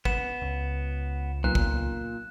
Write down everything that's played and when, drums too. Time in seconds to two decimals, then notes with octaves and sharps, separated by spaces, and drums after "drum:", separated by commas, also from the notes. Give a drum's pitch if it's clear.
0.05 B3 E7, drum: kick G#1
0.42 C#2
1.44 B1 A#2 F#6
1.55 drum: kick G#1